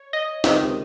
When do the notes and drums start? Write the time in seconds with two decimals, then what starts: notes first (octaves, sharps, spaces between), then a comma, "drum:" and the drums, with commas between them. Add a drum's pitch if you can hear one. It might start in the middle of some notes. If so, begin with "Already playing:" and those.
Already playing: C#5
0.13 D#5
0.44 C#2 C3 D#3, drum: snare